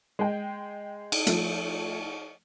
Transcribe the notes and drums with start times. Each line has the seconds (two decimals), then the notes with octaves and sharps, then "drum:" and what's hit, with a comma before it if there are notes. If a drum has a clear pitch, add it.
0.19 G#3 G5
1.12 drum: cymbal
1.27 F3 A3, drum: hi-hat